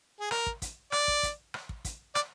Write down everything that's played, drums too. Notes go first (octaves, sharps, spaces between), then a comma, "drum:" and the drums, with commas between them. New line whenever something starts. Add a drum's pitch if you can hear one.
G#4
A#4, drum: rim click
drum: kick
drum: kick, hi-hat
D5, drum: rim click
drum: kick
drum: kick, hi-hat
drum: rim click
drum: kick
drum: kick, hi-hat
D5, drum: rim click